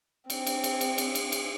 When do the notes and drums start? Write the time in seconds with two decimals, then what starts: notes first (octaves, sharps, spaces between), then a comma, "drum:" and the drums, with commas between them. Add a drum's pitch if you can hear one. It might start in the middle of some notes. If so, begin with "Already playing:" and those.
0.30 C4, drum: cymbal
0.47 drum: cymbal
0.64 drum: cymbal
0.81 drum: cymbal
0.98 drum: cymbal
1.15 drum: cymbal
1.32 drum: cymbal